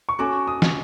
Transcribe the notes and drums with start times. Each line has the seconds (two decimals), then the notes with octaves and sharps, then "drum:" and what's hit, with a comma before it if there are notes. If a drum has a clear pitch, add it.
0.09 C#6
0.19 C#4 F#4 A4 D6
0.47 D#6
0.62 drum: snare